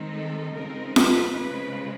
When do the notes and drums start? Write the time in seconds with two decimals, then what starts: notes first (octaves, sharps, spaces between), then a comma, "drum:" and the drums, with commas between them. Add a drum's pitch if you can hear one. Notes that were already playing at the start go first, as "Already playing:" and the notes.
Already playing: D#3 G#3 C4 D#4
0.12 A4
0.54 C#3 F3 G#3 C4 D#4 A#4
0.96 B4, drum: snare F4
1.38 C#3 F3 G#3 B4